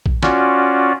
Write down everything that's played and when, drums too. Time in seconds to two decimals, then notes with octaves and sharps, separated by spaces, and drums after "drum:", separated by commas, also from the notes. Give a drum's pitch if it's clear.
0.06 drum: kick A#1
0.23 C#4 F4 F#4 D5, drum: snare